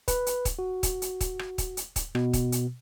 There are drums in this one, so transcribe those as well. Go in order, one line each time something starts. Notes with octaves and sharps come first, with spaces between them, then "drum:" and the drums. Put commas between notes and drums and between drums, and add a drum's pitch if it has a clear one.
B4, drum: kick, hi-hat
drum: hi-hat
drum: kick, hi-hat
F#4
drum: kick, hi-hat
drum: hi-hat
drum: kick, hi-hat
drum: rim click
drum: kick, hi-hat
drum: hi-hat
drum: kick, hi-hat
B2, drum: rim click
drum: kick, hi-hat
drum: hi-hat